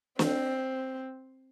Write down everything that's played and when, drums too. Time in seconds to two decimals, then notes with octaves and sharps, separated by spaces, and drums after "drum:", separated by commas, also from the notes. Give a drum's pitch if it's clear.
0.19 C4, drum: snare